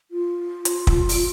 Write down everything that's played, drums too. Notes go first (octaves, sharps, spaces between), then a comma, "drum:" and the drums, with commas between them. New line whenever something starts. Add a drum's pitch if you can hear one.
F4
drum: hi-hat
drum: kick
drum: open hi-hat